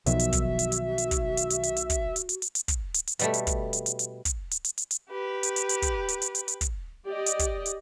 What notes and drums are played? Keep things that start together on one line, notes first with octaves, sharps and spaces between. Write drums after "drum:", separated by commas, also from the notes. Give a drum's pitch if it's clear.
B1 B2 D#3 F3 F#3 F#4 E5, drum: hi-hat
drum: hi-hat
drum: kick, hi-hat
drum: hi-hat
drum: hi-hat
drum: hi-hat
drum: kick, hi-hat
drum: hi-hat
drum: hi-hat
drum: hi-hat
drum: hi-hat
drum: kick, hi-hat
drum: hi-hat
drum: hi-hat
drum: hi-hat
drum: hi-hat
drum: kick, hi-hat
drum: hi-hat
drum: hi-hat
B2 G3 A3, drum: hi-hat
drum: hi-hat
drum: kick, hi-hat
drum: hi-hat
drum: hi-hat
drum: hi-hat
drum: kick, hi-hat
drum: hi-hat
drum: hi-hat
drum: hi-hat
drum: hi-hat
G4 B4
drum: hi-hat
drum: hi-hat
drum: hi-hat
drum: kick, hi-hat
drum: hi-hat
drum: hi-hat
drum: hi-hat
drum: hi-hat
drum: kick, hi-hat
G4 D5 D#5
drum: hi-hat
drum: kick, hi-hat
drum: hi-hat